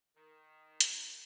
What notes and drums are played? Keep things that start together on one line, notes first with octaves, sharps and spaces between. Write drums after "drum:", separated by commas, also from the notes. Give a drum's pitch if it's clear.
D#3
drum: hi-hat